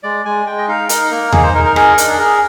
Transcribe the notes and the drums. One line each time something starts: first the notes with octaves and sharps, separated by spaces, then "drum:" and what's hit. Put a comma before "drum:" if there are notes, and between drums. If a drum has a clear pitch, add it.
G#3 D5
G#3 G#5
G#3 G5
D#5
D#4 F5
D#4 A#4, drum: hi-hat
A#3 A#4
D#4 G#4, drum: tom D#2
C5
D#4 A#4
A#4
G#4 A#4, drum: rim click
D4, drum: hi-hat
G#4
G#4 A#4